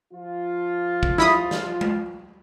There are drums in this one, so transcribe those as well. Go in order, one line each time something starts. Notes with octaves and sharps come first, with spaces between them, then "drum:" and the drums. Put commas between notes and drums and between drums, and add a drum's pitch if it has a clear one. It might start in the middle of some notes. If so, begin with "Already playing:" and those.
F3 F4
drum: kick
E4 B5 D#6, drum: snare
drum: snare
drum: tom G#3